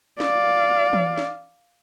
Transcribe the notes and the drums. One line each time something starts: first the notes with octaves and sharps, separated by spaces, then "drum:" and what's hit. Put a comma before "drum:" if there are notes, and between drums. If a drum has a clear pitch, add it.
D5 F5, drum: snare
drum: tom E3
drum: snare